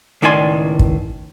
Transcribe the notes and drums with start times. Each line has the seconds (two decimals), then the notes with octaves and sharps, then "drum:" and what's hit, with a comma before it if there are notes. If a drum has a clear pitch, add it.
0.22 C#2 A2 D#3 D5 G#5 C6
0.79 drum: kick